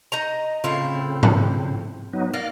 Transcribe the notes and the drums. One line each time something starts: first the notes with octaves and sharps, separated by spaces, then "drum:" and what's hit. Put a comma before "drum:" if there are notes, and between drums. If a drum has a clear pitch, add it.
D#4 D#5 A#5
A2 C#3 C4 E4 F4
drum: tom G#2
F#3 B3 D#4
A#3 D5 F6